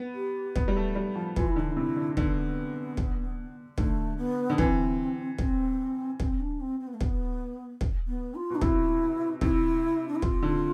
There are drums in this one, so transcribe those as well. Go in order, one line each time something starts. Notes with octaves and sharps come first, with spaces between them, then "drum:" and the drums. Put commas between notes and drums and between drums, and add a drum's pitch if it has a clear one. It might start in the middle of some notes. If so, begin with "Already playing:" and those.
Already playing: B3
G4
B3, drum: kick
G3
A3
G3
F3
E3 F4, drum: kick
E4
D3 D4
E4
C3
D3
D3 B3, drum: kick
drum: kick
D3 A3, drum: kick
B3
D3
E3 C4, drum: kick
C4, drum: kick
C4, drum: kick
D4
C4
C4
B3
A3
B3, drum: kick
drum: kick
B3
F4
B2 D4
C3 E4, drum: kick
C3 E4, drum: kick
D4
E4
F4, drum: kick
D3